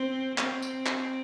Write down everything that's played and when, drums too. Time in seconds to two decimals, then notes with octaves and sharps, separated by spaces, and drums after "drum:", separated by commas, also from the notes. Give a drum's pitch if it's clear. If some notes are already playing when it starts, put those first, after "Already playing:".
Already playing: C4
0.38 C4, drum: clap
0.62 drum: tambourine
0.86 drum: clap